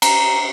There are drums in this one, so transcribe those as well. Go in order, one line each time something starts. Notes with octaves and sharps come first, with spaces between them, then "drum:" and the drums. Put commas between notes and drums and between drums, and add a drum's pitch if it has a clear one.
A#5, drum: cymbal